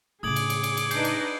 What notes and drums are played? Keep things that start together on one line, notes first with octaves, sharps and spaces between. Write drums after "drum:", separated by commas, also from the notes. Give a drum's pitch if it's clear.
A2 C#3 G#4 D6 D#6 G#6 F#7
drum: cymbal
drum: cymbal
drum: cymbal
drum: cymbal
D4 D#4 B4 G6 C7 D7, drum: cymbal
drum: cymbal